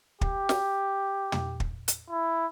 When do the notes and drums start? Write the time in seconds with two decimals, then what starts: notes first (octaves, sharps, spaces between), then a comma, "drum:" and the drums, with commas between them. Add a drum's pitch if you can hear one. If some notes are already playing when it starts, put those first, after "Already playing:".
0.21 G4, drum: kick
0.49 drum: snare
1.32 drum: tom
1.60 drum: kick
1.88 drum: hi-hat
2.10 E4